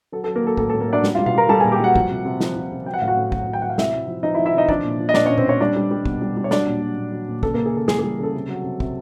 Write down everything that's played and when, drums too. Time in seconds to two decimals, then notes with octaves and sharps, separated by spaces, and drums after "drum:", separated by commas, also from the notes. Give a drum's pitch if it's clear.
0.12 F#3 A4
0.24 F#3 A4
0.35 A#3 A#4
0.43 F#3 A4
0.57 A2 A4, drum: kick
0.70 A2 A4
0.80 A#3 A#4
0.88 F#3 D4 D5
1.04 G3, drum: snare
1.15 F4 F5
1.19 G3
1.26 F4 F5, drum: tom B2
1.34 G3 A#4 A#5
1.49 G3 A4 A5
1.60 A#2 G#4 G#5
1.72 G4 G5
1.80 G3 F#4 F#5
1.96 F3, drum: kick
2.10 C3
2.25 C3
2.41 F3, drum: snare
2.56 F3
2.71 C3
2.86 F#3 G5
2.94 F#5
3.01 A2 F5
3.08 F#4 F#5
3.17 A2
3.32 F#3, drum: kick
3.47 F#3
3.53 G5
3.62 F#3 F#5
3.70 F5
3.78 C3 E4 E5, drum: snare
3.93 C3
4.08 F3
4.23 F3 D#4 D#5
4.34 E4 E5
4.39 F3
4.46 E4 E5
4.54 C3 D#4 D#5
4.69 F3 D4 D5, drum: kick
4.84 A#2
4.99 F3
5.09 D#5
5.14 A#2 D4 D5, drum: snare
5.26 A#2 C#4 C#5
5.38 C4 C5, drum: tom B2
5.44 A#2 C#4 C#5
5.60 G3 D4 D5
5.76 G3
5.91 G3
6.06 B2, drum: kick
6.22 G3
6.37 G3
6.44 C#5
6.51 F#3 D4 D5, drum: snare
6.67 A#2
6.82 F#3
6.97 A#2
7.12 F#3
7.28 A#2
7.43 C#3 A4, drum: kick
7.54 C#3 A#3 A#4
7.66 G#4
7.74 C#3 A4
7.88 E3 G#4, drum: snare
7.99 G3 G#4
8.19 C#3 A4
8.35 C3
8.49 F#3
8.64 C3
8.80 C3, drum: kick